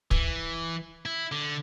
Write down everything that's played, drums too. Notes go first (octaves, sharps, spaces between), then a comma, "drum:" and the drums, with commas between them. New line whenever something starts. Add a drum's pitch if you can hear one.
E3, drum: kick
E4
D3